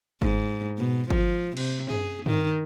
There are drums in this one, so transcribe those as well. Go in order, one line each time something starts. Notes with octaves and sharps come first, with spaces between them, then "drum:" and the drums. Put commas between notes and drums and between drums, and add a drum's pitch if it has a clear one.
G#2, drum: kick G1
B2
F3, drum: kick G1
C3, drum: cymbal
G#4, drum: tom F#2
D#3, drum: tom G2